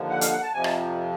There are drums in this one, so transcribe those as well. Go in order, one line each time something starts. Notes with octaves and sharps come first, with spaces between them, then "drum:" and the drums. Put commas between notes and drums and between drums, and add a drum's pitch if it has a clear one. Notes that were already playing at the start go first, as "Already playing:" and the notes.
Already playing: D#2 D3 F3
F#5
F5, drum: hi-hat
F#5
A5
F2 C3 F3 G#5
A5, drum: rim click